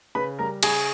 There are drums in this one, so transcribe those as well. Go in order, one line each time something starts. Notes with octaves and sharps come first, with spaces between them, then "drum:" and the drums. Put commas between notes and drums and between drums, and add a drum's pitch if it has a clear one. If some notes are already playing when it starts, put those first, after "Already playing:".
C#3 B4 B5
G3 A#4 A#5
C#3 G#4 G#5, drum: cymbal